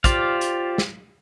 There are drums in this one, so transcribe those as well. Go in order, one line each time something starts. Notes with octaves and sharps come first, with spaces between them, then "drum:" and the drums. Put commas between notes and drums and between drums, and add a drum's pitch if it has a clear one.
F4 G4 C5 D5 F5, drum: kick, hi-hat
drum: hi-hat
drum: snare